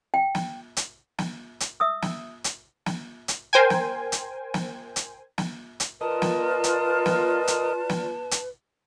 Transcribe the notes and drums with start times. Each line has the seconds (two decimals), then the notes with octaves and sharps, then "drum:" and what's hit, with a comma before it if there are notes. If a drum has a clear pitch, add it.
0.14 G5
0.35 drum: snare
0.77 drum: hi-hat
1.18 drum: snare
1.60 drum: hi-hat
1.80 E5 D#6 E6
2.02 drum: snare
2.44 drum: hi-hat
2.86 drum: snare
3.28 drum: hi-hat
3.53 A#4 C5 G5 G#5
3.70 drum: snare
4.12 drum: hi-hat
4.54 drum: snare
4.96 drum: hi-hat
5.38 drum: snare
5.80 drum: hi-hat
6.01 F4 A#4 B4 D5 D#5 A5
6.22 drum: snare
6.64 drum: hi-hat
7.06 drum: snare
7.48 drum: hi-hat
7.89 drum: snare
8.31 drum: hi-hat